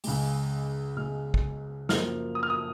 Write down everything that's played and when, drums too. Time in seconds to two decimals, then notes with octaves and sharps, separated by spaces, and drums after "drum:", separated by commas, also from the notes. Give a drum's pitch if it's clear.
0.04 C#2 C#3 G#3, drum: open hi-hat
0.96 C#2 C#3 G#3 F6
1.34 drum: kick
1.89 F#2 F3 A#3 F6, drum: snare
2.35 D#6
2.43 F6
2.50 D#6